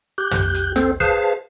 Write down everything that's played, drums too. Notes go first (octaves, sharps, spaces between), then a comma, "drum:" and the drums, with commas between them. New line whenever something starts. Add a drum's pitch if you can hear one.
G4 F#6 G6
drum: tom
drum: hi-hat
C4 A4 C5, drum: snare
G#4 B4 C5 F5 A5, drum: kick, hi-hat